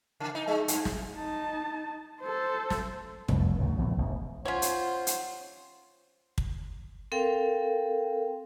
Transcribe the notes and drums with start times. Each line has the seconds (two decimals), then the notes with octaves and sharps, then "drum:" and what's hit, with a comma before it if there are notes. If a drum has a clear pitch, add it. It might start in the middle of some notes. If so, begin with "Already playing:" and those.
0.20 C#3
0.35 D#4
0.48 G#3
0.68 G2, drum: hi-hat
0.85 drum: snare
1.14 D#4 A5
2.21 A4 C5
2.70 drum: snare
3.28 F1 C2 C#3, drum: tom
3.58 D2 G#2 C#3
3.78 A#1 E2 A#2 E3
3.98 E1 A1 D2
4.45 C#4 F4 C5 C#5 F#5
4.62 drum: hi-hat
5.07 drum: hi-hat
6.38 drum: kick
7.12 C4 A4 A#4 F5 G5